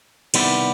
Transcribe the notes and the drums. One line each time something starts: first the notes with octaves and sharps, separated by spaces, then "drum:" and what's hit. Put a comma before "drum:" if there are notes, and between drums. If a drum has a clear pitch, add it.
C3 D#3 G3 B3 E4, drum: cymbal